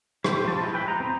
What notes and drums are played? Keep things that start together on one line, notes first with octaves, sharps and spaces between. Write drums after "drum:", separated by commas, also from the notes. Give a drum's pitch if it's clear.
E4 G4 C5, drum: rim click
F3 A5
G#3 E4
B4 G5 B5
D#4 A#5
C4 C5